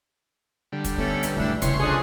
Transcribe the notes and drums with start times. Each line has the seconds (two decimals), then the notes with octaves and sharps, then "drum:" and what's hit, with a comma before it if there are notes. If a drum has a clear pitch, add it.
0.72 D3 G3
0.85 drum: kick, hi-hat
0.98 A3 B3 C#4 A4
1.23 A#2, drum: hi-hat
1.36 E2 A2 D4 E4
1.62 C2 A#2 C#3 E3 C#5 C6, drum: kick, hi-hat
1.80 F3 A3 D4 G#4 D#6